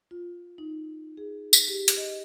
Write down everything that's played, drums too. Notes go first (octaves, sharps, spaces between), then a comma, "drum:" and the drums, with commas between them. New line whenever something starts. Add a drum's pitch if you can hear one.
F4
D#4
G#4
drum: tambourine
G4
drum: hi-hat
D#5